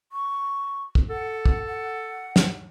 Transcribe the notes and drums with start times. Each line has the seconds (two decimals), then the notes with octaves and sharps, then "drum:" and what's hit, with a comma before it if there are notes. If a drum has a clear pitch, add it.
0.12 C#6
0.95 drum: kick
1.10 A4 F#5
1.46 drum: kick
1.67 F#5
2.36 drum: snare